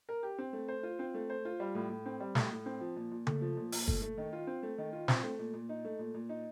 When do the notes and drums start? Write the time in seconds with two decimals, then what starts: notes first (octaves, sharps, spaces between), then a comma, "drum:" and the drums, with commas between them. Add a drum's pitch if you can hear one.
0.09 A#4
0.23 G4
0.39 C4
0.53 A3
0.68 C5
0.83 F4
0.99 C4
1.14 A3
1.30 C5
1.45 F4
1.60 G3
1.75 A2
1.90 A2
2.06 C4
2.20 G3
2.35 A2, drum: snare
2.51 A2
2.66 C4
2.81 F3
2.96 A#2
3.11 A#2
3.27 A3, drum: tom C#3
3.41 F3
3.57 A#2
3.72 A#2, drum: open hi-hat
3.88 A3, drum: kick
4.02 A3
4.18 D#3
4.33 F4
4.47 C4
4.63 A3
4.78 D#3
4.93 F4
5.08 C4, drum: snare
5.23 A3
5.39 A#2
5.54 A#2
5.69 D#4
5.85 A3
5.99 A#2
6.14 A#2
6.29 D#4